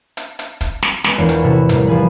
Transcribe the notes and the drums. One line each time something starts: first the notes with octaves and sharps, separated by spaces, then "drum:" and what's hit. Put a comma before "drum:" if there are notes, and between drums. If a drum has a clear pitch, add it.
drum: hi-hat
drum: hi-hat
drum: kick, hi-hat
drum: snare
G#3 A3 B3, drum: snare
E1 E2 A#3 F4 C#5
G5, drum: hi-hat
A2 C3 E4 F#4 A4
A2 E3 G3 A#3, drum: hi-hat
F3 G3 G#4 B4